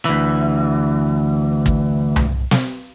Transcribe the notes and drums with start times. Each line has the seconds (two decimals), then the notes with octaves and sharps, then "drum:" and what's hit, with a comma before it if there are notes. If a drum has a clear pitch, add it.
0.05 D2 E3
1.66 drum: kick
2.16 drum: tom C2
2.51 drum: snare